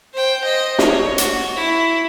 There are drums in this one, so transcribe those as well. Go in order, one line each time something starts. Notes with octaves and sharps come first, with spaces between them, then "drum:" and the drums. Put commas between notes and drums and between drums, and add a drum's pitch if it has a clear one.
C5 G5
C5 D#5
C#5, drum: snare
F#4, drum: hi-hat
E4